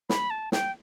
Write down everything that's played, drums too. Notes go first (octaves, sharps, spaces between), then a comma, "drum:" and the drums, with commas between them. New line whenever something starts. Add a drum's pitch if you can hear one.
B5, drum: snare
A5
G5, drum: snare